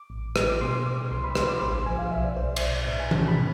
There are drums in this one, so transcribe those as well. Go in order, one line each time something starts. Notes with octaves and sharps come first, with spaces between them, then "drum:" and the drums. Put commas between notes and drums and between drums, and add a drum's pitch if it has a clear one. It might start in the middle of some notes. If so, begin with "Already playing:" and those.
Already playing: D6
A1
A1, drum: rim click
D6
B2 C6
B2 D6
C2 C6
B5
C2 C6, drum: rim click
D6
A1 C6
F3 G#5
F5
B1 E5
D5
B1 C5
C5
E5, drum: cymbal
B1 D5
D5
A2 E5
G#5
C3 A5, drum: tom E3
B5
C3